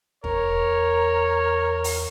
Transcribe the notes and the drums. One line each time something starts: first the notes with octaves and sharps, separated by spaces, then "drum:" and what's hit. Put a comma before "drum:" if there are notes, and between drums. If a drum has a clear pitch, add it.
E2 A#4 C#5, drum: kick
drum: open hi-hat